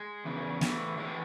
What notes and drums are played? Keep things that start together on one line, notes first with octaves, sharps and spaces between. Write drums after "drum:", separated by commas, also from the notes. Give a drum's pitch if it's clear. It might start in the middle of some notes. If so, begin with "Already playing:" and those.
Already playing: G#3
E2 C#3 E3
A2 E3, drum: snare
A2 E3 G#3